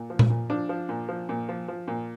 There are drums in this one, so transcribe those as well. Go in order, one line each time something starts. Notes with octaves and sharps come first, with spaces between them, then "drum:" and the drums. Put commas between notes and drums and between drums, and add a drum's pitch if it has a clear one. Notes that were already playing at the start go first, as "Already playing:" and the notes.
Already playing: A#2
F3
drum: tom A#2
A#2
F3 D4
F3
A#2
F3
A#2
F3
F3
A#2